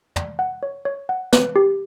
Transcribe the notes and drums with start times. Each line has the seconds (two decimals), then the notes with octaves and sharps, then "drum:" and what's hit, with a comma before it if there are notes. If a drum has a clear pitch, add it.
0.16 D5, drum: tom
0.39 F#5
0.63 C#5
0.85 C#5
1.09 F#5
1.33 B4, drum: snare
1.56 G4